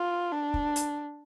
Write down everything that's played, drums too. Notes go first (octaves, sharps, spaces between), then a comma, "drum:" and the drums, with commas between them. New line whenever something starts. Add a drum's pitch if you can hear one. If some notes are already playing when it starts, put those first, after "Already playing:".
Already playing: F4
D4
drum: kick
drum: hi-hat